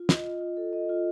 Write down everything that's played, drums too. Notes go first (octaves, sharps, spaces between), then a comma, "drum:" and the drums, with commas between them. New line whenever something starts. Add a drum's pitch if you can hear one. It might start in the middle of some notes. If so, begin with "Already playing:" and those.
Already playing: F4
D#5, drum: snare
F4
F4
A4
D#5
F4